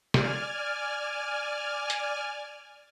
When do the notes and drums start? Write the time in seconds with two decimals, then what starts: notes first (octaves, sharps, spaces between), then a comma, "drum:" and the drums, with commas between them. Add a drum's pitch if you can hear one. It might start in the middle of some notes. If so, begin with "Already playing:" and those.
0.14 D5 G#5 F6, drum: snare
1.90 drum: hi-hat